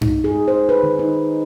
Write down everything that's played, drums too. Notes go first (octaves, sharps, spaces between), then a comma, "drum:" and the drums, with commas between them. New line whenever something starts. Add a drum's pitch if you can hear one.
D#4, drum: tom G2
G#4
C5
B4
D#3
D#4